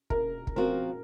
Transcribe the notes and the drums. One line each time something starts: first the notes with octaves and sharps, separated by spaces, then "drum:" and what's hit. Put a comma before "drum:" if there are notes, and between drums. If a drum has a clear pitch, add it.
A#4, drum: kick
drum: kick
F3 C4 F#4 A#4